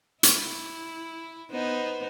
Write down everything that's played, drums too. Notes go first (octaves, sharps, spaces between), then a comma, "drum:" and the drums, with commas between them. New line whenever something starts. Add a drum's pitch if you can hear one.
E4, drum: hi-hat
B3 D#4 C5